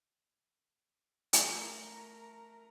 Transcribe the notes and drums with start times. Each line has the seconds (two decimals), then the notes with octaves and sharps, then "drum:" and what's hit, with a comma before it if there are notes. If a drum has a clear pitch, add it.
1.33 A3 A#4 A#5, drum: hi-hat